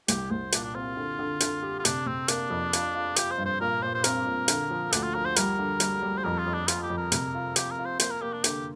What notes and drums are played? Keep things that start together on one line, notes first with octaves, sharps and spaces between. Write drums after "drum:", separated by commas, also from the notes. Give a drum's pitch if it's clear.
C2 G4, drum: hi-hat
C2 C5
A#2 D4, drum: hi-hat
D4
C4 F4
D3
D3
D3, drum: hi-hat
G4
F4
C3 D4, drum: hi-hat
C3 C4
A#3 D4, drum: hi-hat
F2
F4, drum: hi-hat
F4
F4 G4, drum: hi-hat
C5
G2
C5
A#2 A#4
A#2 C5
C5
C4 A#4, drum: hi-hat
A#2
D3, drum: hi-hat
F3
D2 D4, drum: hi-hat
F4
F3 A#4
C5
G3 A#4, drum: hi-hat
D3
G3, drum: hi-hat
G3
C5
F2 A#4
F4
F2
D4
F3 F4, drum: hi-hat
G4
F2
A#4
C3, drum: hi-hat
F4
F4 G4, drum: hi-hat
A#4
F4
C5
A#3 C5, drum: hi-hat
A#4
A#3 G4
D4
D3 G4, drum: hi-hat